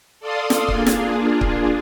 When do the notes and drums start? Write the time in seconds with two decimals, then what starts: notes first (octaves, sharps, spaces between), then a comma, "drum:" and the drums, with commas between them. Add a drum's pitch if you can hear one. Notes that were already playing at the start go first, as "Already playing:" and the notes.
0.20 A4 D5 F5 C6 D#6
0.50 drum: snare
0.68 A#3 D4 F4 G#4, drum: kick C#1
0.87 drum: snare
1.41 drum: kick C#1